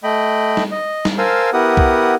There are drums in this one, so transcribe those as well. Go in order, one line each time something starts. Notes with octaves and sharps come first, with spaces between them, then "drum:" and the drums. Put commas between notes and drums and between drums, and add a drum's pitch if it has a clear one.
A3 D#5 G5 B5
drum: snare
D#5
drum: snare
A#4 C5 F5 G#5 A5 E6
B3 E4 G4 A#4 F#5 D#6
drum: kick B1